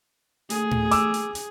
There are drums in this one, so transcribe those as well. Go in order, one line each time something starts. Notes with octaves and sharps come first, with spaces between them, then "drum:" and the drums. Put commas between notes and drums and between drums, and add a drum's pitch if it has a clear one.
A3 G#4, drum: hi-hat
drum: tom A2
D6 E6, drum: hi-hat
drum: hi-hat
drum: hi-hat